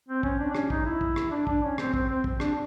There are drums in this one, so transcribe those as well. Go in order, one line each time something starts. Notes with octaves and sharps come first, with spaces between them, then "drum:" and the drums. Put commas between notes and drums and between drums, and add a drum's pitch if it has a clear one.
C4
C#4, drum: kick
D4
D4
C#4, drum: rim click
D#4, drum: kick
E4
drum: kick
drum: rim click
D4
D4, drum: kick
C#4
C4, drum: rim click
C4, drum: kick
C4
drum: kick
D4, drum: rim click